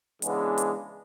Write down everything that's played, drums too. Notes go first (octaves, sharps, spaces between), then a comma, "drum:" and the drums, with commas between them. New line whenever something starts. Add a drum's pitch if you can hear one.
C#3 E3 G#3 B3 D4, drum: hi-hat
drum: hi-hat